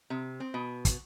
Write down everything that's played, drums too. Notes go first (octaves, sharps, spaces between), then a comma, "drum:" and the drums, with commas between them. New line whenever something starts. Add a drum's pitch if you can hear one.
C3
C4
B2
drum: kick, hi-hat